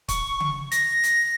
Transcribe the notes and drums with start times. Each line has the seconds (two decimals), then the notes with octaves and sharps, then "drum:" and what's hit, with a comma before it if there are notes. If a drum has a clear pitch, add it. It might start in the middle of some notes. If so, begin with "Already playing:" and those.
0.09 C#6, drum: kick C#1, hi-hat
0.40 drum: tom C#3
0.72 A#6, drum: hi-hat
1.04 drum: hi-hat